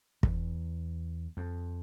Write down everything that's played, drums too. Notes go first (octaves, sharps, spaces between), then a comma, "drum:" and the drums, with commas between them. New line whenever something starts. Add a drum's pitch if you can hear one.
E2, drum: kick
F2